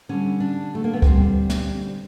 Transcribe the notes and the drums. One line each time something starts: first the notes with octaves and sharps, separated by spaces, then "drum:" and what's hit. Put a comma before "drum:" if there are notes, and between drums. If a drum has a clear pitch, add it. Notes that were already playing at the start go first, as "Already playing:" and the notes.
D3 G3 C#4
D4
A3
A#3
B3
D3 G3 C4, drum: kick
drum: snare